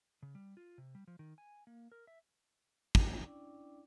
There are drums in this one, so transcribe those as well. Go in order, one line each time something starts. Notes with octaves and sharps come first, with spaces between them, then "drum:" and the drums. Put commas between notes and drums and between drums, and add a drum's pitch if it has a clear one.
C#3
G3
F4
C3
G3
F3
D#3
G#5
A#3
A#4
E5
drum: kick
C#4 D4 E4 D5 G5 D6